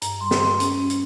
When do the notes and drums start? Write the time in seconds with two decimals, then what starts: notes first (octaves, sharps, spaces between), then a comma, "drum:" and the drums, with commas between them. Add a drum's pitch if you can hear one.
0.02 G2 A#5, drum: hi-hat
0.21 G3 C6
0.31 drum: snare
0.40 G2 C6
0.60 C#4, drum: hi-hat
0.80 C#4
0.90 drum: hi-hat